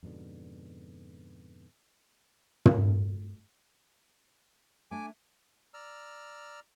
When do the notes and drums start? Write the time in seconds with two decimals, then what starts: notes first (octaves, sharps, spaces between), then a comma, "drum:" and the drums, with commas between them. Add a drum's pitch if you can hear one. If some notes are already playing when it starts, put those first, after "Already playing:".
0.03 F2 G#2 B2 D3
2.65 drum: tom
4.91 A3 D4 G#5 D6
5.74 D5 A#5 E6 F6